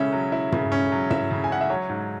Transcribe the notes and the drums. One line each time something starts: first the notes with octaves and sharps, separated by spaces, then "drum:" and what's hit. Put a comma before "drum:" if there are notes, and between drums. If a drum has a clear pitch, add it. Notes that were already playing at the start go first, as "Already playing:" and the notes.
Already playing: C#3 C#4 E4 E5
F#3
E4
C#3, drum: tom
C#4
F#3
E4 E5, drum: tom
C#3
G#5
C#4 F#5
E5
F#3 C#5
G#2